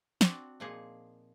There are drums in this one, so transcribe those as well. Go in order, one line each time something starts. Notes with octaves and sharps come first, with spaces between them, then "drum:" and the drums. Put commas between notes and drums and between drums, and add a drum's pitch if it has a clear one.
C4 D4 F#4, drum: snare
A#2 F3 A#3 D#4 G#4